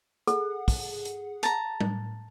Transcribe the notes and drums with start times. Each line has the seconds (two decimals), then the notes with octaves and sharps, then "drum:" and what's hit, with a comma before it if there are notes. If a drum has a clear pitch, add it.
0.27 G#4 A4 F#5, drum: hi-hat
0.68 drum: kick, open hi-hat
1.05 drum: hi-hat
1.43 A5 A#5, drum: hi-hat
1.81 A2, drum: tom G3